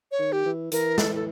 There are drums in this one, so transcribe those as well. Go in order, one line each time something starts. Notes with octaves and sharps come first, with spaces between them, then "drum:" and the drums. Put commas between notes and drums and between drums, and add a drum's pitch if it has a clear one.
C#5
D#3
G4
E3
E3 A#4, drum: hi-hat
A4, drum: snare
A4